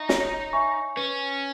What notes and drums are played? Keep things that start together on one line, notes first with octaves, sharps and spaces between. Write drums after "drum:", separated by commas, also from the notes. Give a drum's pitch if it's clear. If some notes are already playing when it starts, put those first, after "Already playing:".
Already playing: D#4 E5 C#6
C#5, drum: snare
E5 G#5 C#6
C#4 B4